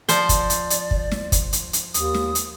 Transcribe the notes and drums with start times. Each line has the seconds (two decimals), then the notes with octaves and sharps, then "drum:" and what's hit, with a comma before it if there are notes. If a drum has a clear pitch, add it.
0.09 F3 C5 D5, drum: hi-hat
0.29 drum: kick, hi-hat
0.50 drum: hi-hat
0.70 drum: hi-hat
0.91 drum: kick
1.11 drum: snare
1.32 drum: kick, hi-hat
1.53 drum: hi-hat
1.73 drum: hi-hat
1.94 D#2 D#6, drum: hi-hat
2.14 drum: snare
2.35 drum: hi-hat